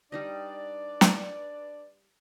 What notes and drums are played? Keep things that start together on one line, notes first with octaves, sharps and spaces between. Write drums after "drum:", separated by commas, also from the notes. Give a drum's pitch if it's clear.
G3 D4 D#4 B4 D5 D#5
drum: snare